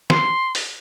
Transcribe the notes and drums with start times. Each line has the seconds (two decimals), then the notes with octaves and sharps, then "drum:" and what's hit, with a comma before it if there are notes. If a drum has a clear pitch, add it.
0.10 C6, drum: snare
0.55 drum: open hi-hat